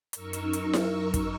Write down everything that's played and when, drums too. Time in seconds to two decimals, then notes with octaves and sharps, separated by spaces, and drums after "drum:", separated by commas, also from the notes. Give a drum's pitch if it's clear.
0.13 F#2 D#4 A#4 C#6 E6, drum: hi-hat
0.33 drum: hi-hat
0.53 drum: hi-hat
0.73 drum: snare E4
1.14 drum: kick, hi-hat